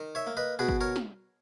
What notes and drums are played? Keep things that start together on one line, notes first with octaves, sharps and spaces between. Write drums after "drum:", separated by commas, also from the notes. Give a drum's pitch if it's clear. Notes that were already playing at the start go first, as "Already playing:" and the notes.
Already playing: D#3
C#5 E5
A#3
B4 D#5
B2 G#4 B4
drum: kick G1
A#4 C#5
drum: snare